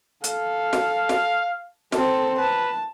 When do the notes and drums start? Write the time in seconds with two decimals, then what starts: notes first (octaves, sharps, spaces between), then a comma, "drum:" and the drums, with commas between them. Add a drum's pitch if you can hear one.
0.24 A4 F5, drum: hi-hat
0.73 drum: snare
1.09 drum: snare
1.92 C4 A4, drum: snare
2.38 B4 A5